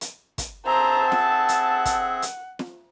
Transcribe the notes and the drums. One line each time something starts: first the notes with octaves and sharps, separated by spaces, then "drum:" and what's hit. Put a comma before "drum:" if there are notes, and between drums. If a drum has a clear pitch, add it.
drum: hi-hat
drum: kick, hi-hat
C4 G#4 C5 E5 A5 A#5
F#5, drum: snare
drum: hi-hat
drum: kick, hi-hat
drum: hi-hat
drum: snare